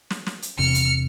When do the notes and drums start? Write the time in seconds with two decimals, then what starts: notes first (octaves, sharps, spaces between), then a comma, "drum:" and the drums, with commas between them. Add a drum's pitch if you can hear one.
0.10 drum: snare
0.26 drum: snare
0.42 drum: hi-hat
0.58 E1 C3 F6 C#7
0.75 drum: hi-hat